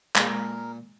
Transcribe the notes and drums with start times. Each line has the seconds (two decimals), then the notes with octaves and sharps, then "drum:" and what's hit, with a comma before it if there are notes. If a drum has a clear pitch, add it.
0.16 A#2 G#3 A#4, drum: clap